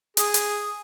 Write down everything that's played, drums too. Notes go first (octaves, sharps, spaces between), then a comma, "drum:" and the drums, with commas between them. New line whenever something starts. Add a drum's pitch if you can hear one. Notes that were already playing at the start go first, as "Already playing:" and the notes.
G#4, drum: hi-hat
drum: hi-hat